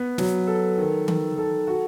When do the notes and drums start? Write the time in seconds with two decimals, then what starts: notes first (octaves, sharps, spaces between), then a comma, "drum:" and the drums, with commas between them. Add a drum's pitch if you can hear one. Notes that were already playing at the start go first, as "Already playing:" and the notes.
Already playing: B3
0.18 F#3, drum: snare
0.47 A4
0.78 D#3
1.08 D#3, drum: tom D#3
1.38 A4
1.67 F#4